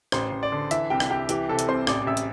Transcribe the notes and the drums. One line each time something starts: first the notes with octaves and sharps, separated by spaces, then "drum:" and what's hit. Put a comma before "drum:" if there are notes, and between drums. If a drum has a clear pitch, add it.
A1 C5 C6, drum: rim click
A1
D5
D3
E3 E5, drum: hi-hat
C2 G4 G5
drum: rim click
C2 G4 G5
E3 G4 G5, drum: hi-hat
C3 A4 A5
drum: hi-hat
C2 C5 C6
A1 D5 D6, drum: rim click
A1 E5 E6
drum: hi-hat